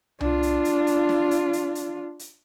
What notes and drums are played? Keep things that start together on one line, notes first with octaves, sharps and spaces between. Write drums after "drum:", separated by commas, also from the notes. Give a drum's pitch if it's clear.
D4 F4, drum: tom C2
drum: hi-hat
drum: hi-hat
drum: hi-hat
drum: snare
drum: hi-hat
drum: hi-hat
drum: hi-hat
drum: hi-hat